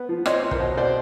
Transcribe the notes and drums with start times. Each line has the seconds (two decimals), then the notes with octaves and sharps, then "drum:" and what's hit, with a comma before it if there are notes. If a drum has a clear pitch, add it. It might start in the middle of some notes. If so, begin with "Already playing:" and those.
Already playing: B3
0.09 F3
0.26 C4 C#5 D#5, drum: rim click
0.42 C4
0.51 A#4 C5, drum: kick
0.60 B2
0.77 B2 C5 D5